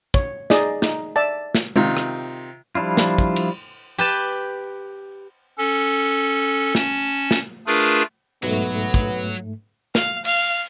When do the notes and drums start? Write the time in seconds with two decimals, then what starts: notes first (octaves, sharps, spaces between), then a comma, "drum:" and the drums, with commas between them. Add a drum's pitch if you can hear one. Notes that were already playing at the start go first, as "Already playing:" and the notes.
0.14 C#5, drum: kick
0.50 D#4 G#4 D5 D#5, drum: snare
0.82 D#4, drum: snare
1.16 D5 E5 A5
1.55 drum: snare
1.76 C3 D#3 F4, drum: tom G#3
1.97 drum: rim click
2.75 F3 G3 D4 E4 F4
2.97 drum: snare
3.18 drum: kick
3.36 drum: cymbal
3.98 G4 B4 A5
5.58 C#4 A4
6.75 C#4 A5, drum: snare
7.31 drum: snare
7.67 A3 D4 F4 G#4 A#4 B4
8.43 B1 G#2 F#3 A3 B3
8.94 drum: kick
9.95 F5, drum: snare
10.25 F5, drum: cymbal